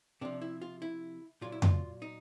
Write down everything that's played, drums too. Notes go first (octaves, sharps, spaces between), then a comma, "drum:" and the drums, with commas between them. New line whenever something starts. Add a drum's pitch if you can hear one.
C3 F3 D4
E4
F4
E4
A#2 F#3 F4
E4
F4, drum: tom F2
D#4